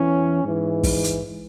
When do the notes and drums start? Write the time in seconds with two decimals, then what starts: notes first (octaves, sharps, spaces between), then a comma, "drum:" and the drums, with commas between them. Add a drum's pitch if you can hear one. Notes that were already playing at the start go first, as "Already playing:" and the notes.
Already playing: E2 E3 C#4
0.43 G#2 E3
0.83 drum: kick, open hi-hat
1.04 drum: hi-hat